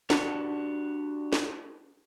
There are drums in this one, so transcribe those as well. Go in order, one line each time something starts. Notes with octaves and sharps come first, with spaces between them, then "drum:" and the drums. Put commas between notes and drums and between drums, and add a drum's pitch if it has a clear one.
D4 F#4 G4 F#5 A5, drum: snare
drum: snare